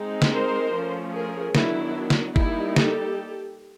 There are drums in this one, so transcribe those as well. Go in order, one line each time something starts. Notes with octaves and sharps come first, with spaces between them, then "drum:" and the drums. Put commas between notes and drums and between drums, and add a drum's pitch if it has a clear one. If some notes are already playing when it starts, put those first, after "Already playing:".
Already playing: G#3 C4 D#4
drum: snare
A#4 C5
F3 A3 C#4
G#4 A#4
D#3 F#3 B3 D4 E4, drum: snare
drum: snare
G3 A#3 D#4 E4, drum: kick G1
G4 A4, drum: snare